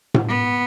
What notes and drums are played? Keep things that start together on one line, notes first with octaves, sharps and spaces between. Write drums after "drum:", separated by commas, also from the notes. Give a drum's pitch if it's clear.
drum: tom A2
B3